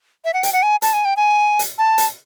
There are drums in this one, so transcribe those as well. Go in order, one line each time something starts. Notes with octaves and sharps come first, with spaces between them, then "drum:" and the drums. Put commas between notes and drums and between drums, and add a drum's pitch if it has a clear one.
E5
F#5
G5, drum: hi-hat
F#5
G#5
A5, drum: hi-hat
G#5
G5
G#5
drum: hi-hat
A5
drum: hi-hat